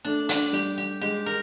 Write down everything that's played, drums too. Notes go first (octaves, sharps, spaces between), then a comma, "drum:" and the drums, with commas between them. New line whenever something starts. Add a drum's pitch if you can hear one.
A3 D4
D4, drum: hi-hat
G3 G4
G4
G#3 G4
A#4